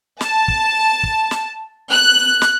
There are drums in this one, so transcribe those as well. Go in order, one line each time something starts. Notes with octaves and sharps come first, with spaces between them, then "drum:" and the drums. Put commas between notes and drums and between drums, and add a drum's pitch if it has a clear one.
A5, drum: snare
drum: kick
drum: kick
drum: snare
F#6
drum: snare